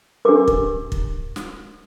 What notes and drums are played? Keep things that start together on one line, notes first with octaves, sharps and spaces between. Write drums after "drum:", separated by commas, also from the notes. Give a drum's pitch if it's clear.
D4 G4 A#4 D6
drum: kick
drum: kick
drum: snare